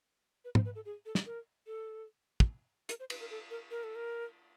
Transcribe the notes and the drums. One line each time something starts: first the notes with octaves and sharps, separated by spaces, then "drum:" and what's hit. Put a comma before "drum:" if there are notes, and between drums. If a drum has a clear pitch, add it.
B4
C5, drum: tom
B4
A4
G#4
A4
drum: snare
A#4
A4
drum: kick
A#4, drum: hi-hat
C5
B4, drum: cymbal
A#4
A4
A#4
A#4
A4
A#4